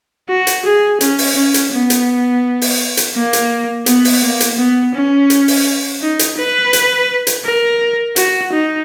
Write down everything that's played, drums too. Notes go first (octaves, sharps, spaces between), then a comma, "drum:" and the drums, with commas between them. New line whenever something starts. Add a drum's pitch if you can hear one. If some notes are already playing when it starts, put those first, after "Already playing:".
F#4
drum: hi-hat
G#4
C#4, drum: hi-hat
drum: open hi-hat
C#4
drum: hi-hat
B3
drum: hi-hat
drum: open hi-hat
drum: hi-hat
A#3
drum: hi-hat
B3, drum: hi-hat
drum: open hi-hat
A#3
drum: hi-hat
B3
C#4
drum: hi-hat
drum: open hi-hat
D#4
drum: hi-hat
B4
drum: hi-hat
drum: hi-hat
A#4
F#4, drum: hi-hat
D#4